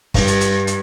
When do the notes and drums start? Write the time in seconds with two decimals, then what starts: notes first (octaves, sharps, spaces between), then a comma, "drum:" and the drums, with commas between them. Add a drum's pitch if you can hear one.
0.14 G2, drum: kick, open hi-hat
0.28 drum: hi-hat
0.41 drum: hi-hat
0.67 drum: hi-hat